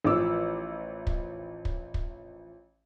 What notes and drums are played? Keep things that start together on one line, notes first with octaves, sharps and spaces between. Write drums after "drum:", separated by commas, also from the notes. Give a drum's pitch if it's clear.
A1 E3 F3 D6 E6
drum: kick
drum: kick
drum: kick